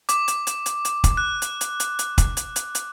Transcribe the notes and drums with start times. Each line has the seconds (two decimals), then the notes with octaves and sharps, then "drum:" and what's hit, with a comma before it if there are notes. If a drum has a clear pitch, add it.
0.09 D6, drum: hi-hat
0.28 drum: hi-hat
0.47 drum: hi-hat
0.66 drum: hi-hat
0.85 drum: hi-hat
1.04 drum: kick, hi-hat
1.17 F#6
1.42 drum: hi-hat
1.61 drum: hi-hat
1.80 drum: hi-hat
1.99 drum: hi-hat
2.18 drum: kick, hi-hat
2.37 drum: hi-hat
2.56 drum: hi-hat
2.75 drum: hi-hat